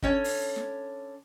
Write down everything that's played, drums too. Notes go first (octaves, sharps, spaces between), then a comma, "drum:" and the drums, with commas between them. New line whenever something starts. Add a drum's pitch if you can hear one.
D3 C#4 C#5, drum: kick
drum: open hi-hat
drum: snare